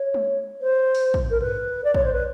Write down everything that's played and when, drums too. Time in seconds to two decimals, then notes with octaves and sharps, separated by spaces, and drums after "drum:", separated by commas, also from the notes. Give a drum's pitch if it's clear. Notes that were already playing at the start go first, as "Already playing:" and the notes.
Already playing: C#5
0.14 drum: tom G#3
0.61 C5
0.95 drum: open hi-hat
1.14 drum: kick
1.30 A#4
1.41 B4, drum: tom G2
1.84 D5
1.94 C#5, drum: kick
2.04 C5
2.13 B4